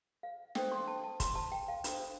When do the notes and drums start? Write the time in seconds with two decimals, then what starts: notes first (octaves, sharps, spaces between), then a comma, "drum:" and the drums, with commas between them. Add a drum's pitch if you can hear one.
0.23 F5
0.55 D4 A4 C5 G5, drum: snare
0.72 C6
0.88 A5
1.04 A5
1.20 C6, drum: kick, hi-hat
1.36 A5
1.52 G5
1.68 F5
1.84 D4 A4 C5, drum: hi-hat